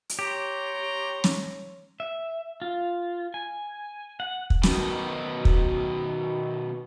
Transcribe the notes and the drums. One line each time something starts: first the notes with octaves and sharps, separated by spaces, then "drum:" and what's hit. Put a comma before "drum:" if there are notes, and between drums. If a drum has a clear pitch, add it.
drum: hi-hat
G4 C#5 A#5 C6
drum: snare
E5
F4
G#5
F#5
drum: kick
B2 D#3, drum: snare
drum: kick